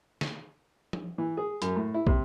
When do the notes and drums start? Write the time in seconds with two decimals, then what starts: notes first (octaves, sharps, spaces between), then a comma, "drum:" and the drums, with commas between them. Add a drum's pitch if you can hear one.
0.21 drum: snare
0.93 drum: tom F3
1.18 E3
1.37 G#4
1.62 F#2, drum: hi-hat
1.76 A2
1.94 E4
2.07 C3, drum: kick